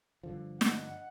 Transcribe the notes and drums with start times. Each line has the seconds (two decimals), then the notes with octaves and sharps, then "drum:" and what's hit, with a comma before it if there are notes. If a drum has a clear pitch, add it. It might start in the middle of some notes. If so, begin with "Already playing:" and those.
0.23 G2 D3 F3
0.61 D#5 F#5, drum: snare